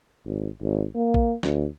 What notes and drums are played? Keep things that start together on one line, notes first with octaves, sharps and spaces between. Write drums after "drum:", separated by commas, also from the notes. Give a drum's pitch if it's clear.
G#1
G#1
A#3
drum: kick
D2, drum: snare